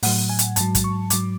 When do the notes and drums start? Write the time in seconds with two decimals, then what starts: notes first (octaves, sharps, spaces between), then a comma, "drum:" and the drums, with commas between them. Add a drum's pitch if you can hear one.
0.03 A2 F#3 F#5, drum: open hi-hat
0.29 G#5
0.39 drum: hi-hat
0.56 G#2 F#3 A5, drum: hi-hat
0.75 drum: kick, hi-hat
0.84 C#6
1.10 G#2 F#3 D6, drum: hi-hat